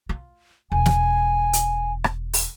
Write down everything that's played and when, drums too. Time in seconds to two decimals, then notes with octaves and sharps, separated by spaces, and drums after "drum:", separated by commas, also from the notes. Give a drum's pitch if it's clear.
0.09 F4
0.72 E1 G#5
0.86 drum: snare
1.53 drum: hi-hat
2.04 drum: rim click
2.33 drum: open hi-hat